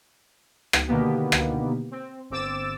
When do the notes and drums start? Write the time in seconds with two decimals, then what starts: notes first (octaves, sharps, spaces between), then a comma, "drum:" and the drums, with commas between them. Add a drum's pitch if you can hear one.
0.73 drum: rim click
0.87 B2 D3 D#3 A#3 B3 G4
1.32 drum: rim click
1.91 C4
2.30 G1 C4 D6 E6 A6 E7